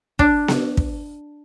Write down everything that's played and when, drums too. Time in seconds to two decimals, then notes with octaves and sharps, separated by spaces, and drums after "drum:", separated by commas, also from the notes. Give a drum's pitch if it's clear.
0.19 D4, drum: kick
0.48 drum: snare B3
0.77 drum: kick